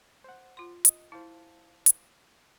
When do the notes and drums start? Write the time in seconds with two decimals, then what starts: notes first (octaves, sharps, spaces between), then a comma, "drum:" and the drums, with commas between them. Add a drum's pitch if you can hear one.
0.24 C5 F#5
0.57 F4 C6
0.85 D#5, drum: hi-hat
1.12 E4 C5 F5 A5
1.86 drum: hi-hat